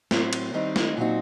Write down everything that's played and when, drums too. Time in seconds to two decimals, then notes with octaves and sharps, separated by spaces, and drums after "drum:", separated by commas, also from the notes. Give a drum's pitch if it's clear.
0.11 A2 F#3 C4, drum: snare
0.33 drum: cymbal
0.54 D#3 G3 C4 D#4
0.76 drum: snare
0.97 A#2 F#3 C4 D#4 F#4